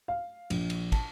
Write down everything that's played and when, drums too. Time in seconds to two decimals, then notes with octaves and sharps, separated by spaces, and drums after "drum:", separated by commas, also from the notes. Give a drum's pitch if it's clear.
0.08 F5
0.50 A#1, drum: cymbal
0.70 drum: cymbal
0.92 A5, drum: kick, cymbal